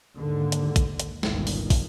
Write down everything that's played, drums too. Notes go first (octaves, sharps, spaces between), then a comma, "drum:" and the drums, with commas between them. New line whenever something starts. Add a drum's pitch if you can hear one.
D#2 G#2 D3
drum: hi-hat
drum: kick, hi-hat
drum: hi-hat
G1 C#2 A#2 D#3 G#3, drum: snare
drum: open hi-hat
drum: kick, open hi-hat